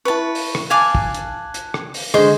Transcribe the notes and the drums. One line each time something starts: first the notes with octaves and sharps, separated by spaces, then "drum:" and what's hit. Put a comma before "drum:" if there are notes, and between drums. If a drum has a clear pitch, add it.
E4 B4 A5 C#6
drum: open hi-hat
drum: rim click
F5 G#5 A5 D6 F#6 G#6
drum: kick
drum: hi-hat
drum: hi-hat
drum: rim click
drum: open hi-hat
D3 G#3 C5 C6, drum: rim click